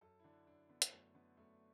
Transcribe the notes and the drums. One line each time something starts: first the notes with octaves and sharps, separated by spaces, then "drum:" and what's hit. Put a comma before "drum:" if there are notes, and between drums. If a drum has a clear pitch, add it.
F#2 A4
E4
D3 D4
F#2 D4
D3 B3
drum: hi-hat
F#2 A3
D3 B3
F#2 A3